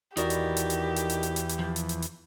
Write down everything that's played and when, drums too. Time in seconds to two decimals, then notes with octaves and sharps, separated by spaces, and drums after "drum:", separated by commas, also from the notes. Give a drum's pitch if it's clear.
0.17 E2 D#4 E4 F#4 G4 A#4 D5, drum: hi-hat
0.30 drum: hi-hat
0.57 drum: hi-hat
0.70 drum: hi-hat
0.96 drum: hi-hat
1.10 drum: hi-hat
1.23 drum: hi-hat
1.36 drum: hi-hat
1.49 drum: hi-hat
1.59 F3
1.76 drum: hi-hat
1.89 drum: hi-hat
2.02 drum: hi-hat